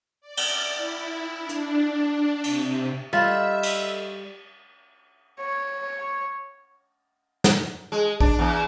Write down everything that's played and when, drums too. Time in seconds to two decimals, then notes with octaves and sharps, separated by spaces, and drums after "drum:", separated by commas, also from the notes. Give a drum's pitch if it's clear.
0.21 D5
0.37 drum: cymbal
0.76 E4
1.38 D4
1.49 drum: hi-hat
2.44 C3, drum: cymbal
3.13 G3 A3 D4 F4 D#5 E5
3.63 drum: cymbal
5.40 C#5
7.44 drum: snare
7.92 G#3
8.20 D4, drum: kick A#1
8.39 E2